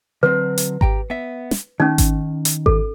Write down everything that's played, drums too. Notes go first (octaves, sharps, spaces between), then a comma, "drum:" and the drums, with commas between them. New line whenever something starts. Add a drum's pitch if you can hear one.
D3 F#3 C4 B4
drum: hi-hat
G4 G5 A#5, drum: kick G#1
B3 E5
drum: snare
D#3 C#4 D#4
drum: kick G#1, hi-hat
drum: hi-hat
A4, drum: kick G#1